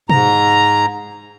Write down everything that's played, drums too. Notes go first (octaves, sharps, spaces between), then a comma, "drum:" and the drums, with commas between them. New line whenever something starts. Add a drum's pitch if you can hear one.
G#2 A#5, drum: tom B2